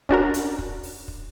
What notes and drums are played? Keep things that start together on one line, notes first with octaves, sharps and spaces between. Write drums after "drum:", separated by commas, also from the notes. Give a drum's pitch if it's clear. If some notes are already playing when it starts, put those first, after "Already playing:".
C#4 D4 F#4 A#4, drum: kick
drum: hi-hat
drum: kick
drum: open hi-hat
drum: kick